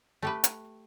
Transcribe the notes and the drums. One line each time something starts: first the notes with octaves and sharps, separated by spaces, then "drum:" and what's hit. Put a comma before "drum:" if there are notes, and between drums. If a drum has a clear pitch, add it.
A3 G4 B4
drum: hi-hat